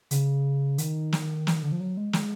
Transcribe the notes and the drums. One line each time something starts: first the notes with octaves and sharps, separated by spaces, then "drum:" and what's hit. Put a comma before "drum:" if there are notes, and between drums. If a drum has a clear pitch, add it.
C#3, drum: hi-hat
D#3, drum: hi-hat
drum: snare
E3, drum: snare
D#3
D3
F3
F#3
G#3
G#3, drum: snare